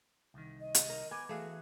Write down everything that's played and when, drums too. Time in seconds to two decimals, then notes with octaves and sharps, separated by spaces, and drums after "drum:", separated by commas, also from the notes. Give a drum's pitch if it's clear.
0.34 C2 D#3
0.60 D#5
0.74 drum: hi-hat
0.90 A#4
1.11 B3 G#5 D6
1.29 E3 A3 F#4 G#4 F5